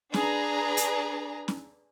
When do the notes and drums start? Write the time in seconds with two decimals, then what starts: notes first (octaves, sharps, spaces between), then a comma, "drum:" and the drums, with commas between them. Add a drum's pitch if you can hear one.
0.14 D4 G#4 B4 A#5, drum: snare C#4
0.77 drum: hi-hat
1.48 drum: snare C#4